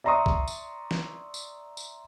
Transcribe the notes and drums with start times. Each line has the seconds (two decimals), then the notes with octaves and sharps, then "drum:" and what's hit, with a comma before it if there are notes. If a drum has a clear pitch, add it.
0.04 D5 E5 A#5 C6 C#6 D#6
0.26 drum: kick
0.48 drum: tambourine
0.91 drum: snare
1.34 drum: tambourine
1.77 drum: tambourine